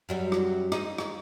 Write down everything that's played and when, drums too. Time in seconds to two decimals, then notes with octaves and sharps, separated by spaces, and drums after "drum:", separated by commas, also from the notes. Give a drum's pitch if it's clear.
0.09 F#2 F#3 G3
0.32 drum: rim click
0.72 D#4, drum: rim click
0.98 drum: rim click